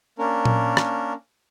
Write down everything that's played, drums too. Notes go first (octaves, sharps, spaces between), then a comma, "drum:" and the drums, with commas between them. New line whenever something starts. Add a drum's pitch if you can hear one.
A#3 C#4 D4 A#4
drum: tom A#2
drum: rim click